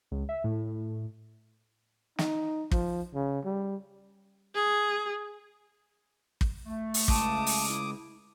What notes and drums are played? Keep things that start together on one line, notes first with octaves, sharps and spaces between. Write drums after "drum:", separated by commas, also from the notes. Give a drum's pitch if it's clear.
C#2
E5
A2
D#4, drum: snare
F3, drum: kick
C#3
G3
G#4
drum: kick
A3
drum: open hi-hat
C#2 A5 D6 D#6, drum: kick
drum: open hi-hat
E4